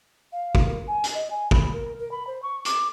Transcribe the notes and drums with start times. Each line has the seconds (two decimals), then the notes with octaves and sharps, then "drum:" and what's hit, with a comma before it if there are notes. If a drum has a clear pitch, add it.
0.32 F5
0.55 drum: kick
0.66 A#4
0.87 G#5
1.04 drum: hi-hat
1.15 D#5
1.30 G#5
1.51 B5, drum: kick
1.73 A#4
1.99 A#4
2.11 B5
2.27 C5
2.42 C#6
2.65 D6, drum: hi-hat